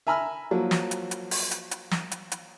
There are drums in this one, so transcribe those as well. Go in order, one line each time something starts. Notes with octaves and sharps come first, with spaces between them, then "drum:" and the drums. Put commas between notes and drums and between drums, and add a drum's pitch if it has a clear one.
E5 G#5 A#5 B5 E6 F6
F3 F#3 A#3
drum: snare
drum: hi-hat
drum: hi-hat
drum: open hi-hat
drum: hi-hat
drum: hi-hat
drum: snare
drum: hi-hat
drum: hi-hat